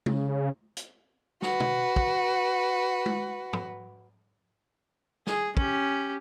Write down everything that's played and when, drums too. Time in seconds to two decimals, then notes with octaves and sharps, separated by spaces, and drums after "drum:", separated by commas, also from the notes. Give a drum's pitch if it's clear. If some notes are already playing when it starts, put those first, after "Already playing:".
0.06 C#3, drum: tom G#3
0.77 drum: hi-hat
1.42 F#4 B4, drum: snare
1.60 drum: tom
1.96 drum: kick
3.06 drum: tom G#3
3.53 drum: tom
5.27 G#4, drum: snare
5.57 C#4 G4, drum: kick